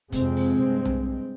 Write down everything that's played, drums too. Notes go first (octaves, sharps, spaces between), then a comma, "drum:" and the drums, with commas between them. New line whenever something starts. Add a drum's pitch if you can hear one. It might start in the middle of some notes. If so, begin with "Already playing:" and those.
F2 C3 G#3 C4, drum: kick, hi-hat
drum: open hi-hat
G2
drum: tom B1